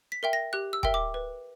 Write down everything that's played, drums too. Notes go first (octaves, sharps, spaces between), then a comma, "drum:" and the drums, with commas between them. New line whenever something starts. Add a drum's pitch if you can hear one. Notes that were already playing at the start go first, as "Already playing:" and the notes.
B6
A#4 E5 G5
A#6
G4 F#6
E6
A#4 E5 G5, drum: kick
D6
B4